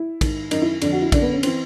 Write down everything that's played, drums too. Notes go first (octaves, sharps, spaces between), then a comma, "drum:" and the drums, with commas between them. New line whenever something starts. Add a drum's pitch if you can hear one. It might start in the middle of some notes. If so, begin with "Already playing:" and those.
Already playing: E4
G#2 D#3, drum: kick, cymbal
F#2 D#3 D#4, drum: cymbal
E4
F2 D3 D4, drum: cymbal
F#4
E4
F#2 D3 D4, drum: kick, cymbal
B3
C#4
E3 C4, drum: cymbal